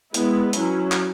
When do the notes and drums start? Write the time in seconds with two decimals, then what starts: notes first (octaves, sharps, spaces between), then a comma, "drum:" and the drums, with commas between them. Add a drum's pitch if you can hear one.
0.14 G#3 B3 E4 B4, drum: hi-hat
0.53 F#3 C#4 E4, drum: hi-hat
0.92 drum: clap